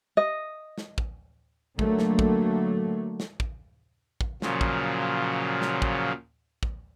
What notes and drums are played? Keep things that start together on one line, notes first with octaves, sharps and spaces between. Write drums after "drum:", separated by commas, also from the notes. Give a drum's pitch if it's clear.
D#5
drum: snare
drum: kick
D3 F#3 A3 A#3, drum: kick
drum: snare
drum: kick
drum: snare
drum: kick
drum: kick
A#2 C#3 F3 F#3, drum: snare
drum: kick
drum: snare
drum: kick
drum: kick